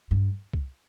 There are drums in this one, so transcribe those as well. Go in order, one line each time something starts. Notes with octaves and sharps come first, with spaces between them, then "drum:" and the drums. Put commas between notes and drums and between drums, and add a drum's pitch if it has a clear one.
G2
drum: kick C2